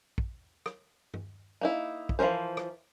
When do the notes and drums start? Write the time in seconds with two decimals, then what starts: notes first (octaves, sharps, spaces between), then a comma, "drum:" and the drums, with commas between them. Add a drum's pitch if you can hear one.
0.18 drum: kick
0.66 drum: rim click
1.14 drum: tom G2
1.61 A#3 D#4 E4
2.09 drum: kick
2.19 E3 F3 C#4 A#4 C5
2.57 drum: rim click